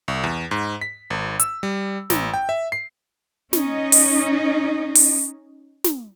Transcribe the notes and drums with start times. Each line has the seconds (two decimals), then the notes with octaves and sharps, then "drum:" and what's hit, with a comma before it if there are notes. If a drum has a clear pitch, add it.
0.08 C2
0.24 E2
0.51 G#2
0.81 B6
1.10 G#1
1.40 E6, drum: hi-hat
1.63 G3
2.10 A1, drum: snare
2.34 G5
2.49 E5
2.72 C7
3.53 C#4 D#4 D#5, drum: snare
3.92 drum: open hi-hat
4.95 drum: open hi-hat
5.84 drum: snare